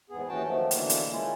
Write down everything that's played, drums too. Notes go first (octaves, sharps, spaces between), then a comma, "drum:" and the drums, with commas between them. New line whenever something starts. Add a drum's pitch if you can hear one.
E2 G#2 B3 G#4
D#2 E3 C#4 F#4 G5 A5
D#3 F3 F#3 A3
B2 D3 E3 A#3, drum: hi-hat
drum: hi-hat
D#3 G#3 A3 C#4 E4 F4